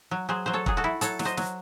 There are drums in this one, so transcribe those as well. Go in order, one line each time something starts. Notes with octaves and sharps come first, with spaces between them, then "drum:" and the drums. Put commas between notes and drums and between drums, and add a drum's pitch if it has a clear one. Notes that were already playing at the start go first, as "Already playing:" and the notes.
F#3
F#3 G#4 C5
F#3 C5
A4 C#5
F#3 G#4, drum: kick
F#4 A4
E4
F#3 A4 C#5, drum: hi-hat
F#3, drum: snare
C5 D#5
F#3, drum: snare